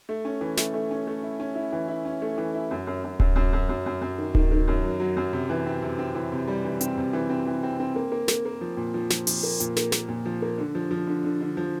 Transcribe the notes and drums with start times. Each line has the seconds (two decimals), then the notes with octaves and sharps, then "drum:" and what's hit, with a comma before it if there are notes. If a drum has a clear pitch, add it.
0.09 A3
0.25 C#4
0.41 E3
0.57 A3, drum: snare
0.74 A3
0.91 C#4
1.07 A3
1.23 E4
1.40 C#4
1.55 E4
1.72 E3
1.88 E4
2.05 C#4
2.22 A3
2.38 E3
2.55 E4
2.71 F#2
2.87 F#2
3.04 F#2
3.20 F#2, drum: kick D1
3.36 F#2
3.53 F#2
3.69 F#2
3.86 F#2
4.01 F#2
4.18 D#3
4.35 D#3, drum: kick D1
4.51 D#3
4.68 F#2
4.83 F#3
5.00 F#3
5.17 F#2
5.33 C3
5.50 E3
5.66 C4
5.82 C3
5.99 C4
6.15 E3
6.32 C3
6.47 G3
6.64 E3
6.81 C4, drum: hi-hat
6.98 C3
7.13 E3
7.30 C4
7.46 E3
7.63 C4
7.80 C4
7.96 A#3
8.12 A#3
8.28 A#3, drum: snare
8.45 A#3
8.61 F3
8.77 A#2
8.94 F3
9.10 F3, drum: snare
9.27 F3, drum: open hi-hat
9.43 A#3
9.60 A#2, drum: hi-hat
9.76 A#3, drum: snare
9.92 A#3, drum: snare
10.09 A#2
10.25 F3
10.42 A#3
10.58 D3
10.75 F3
10.91 F3
11.07 D3
11.24 D3
11.40 D3
11.57 F3